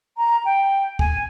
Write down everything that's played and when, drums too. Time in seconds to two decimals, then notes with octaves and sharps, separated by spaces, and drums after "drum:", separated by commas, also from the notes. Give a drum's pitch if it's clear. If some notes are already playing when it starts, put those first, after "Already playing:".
0.17 A#5
0.45 G5
0.99 G#5, drum: kick